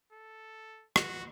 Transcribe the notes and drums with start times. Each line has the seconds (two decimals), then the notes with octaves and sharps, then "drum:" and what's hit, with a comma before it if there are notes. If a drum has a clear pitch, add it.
0.13 A4
0.96 F#4, drum: rim click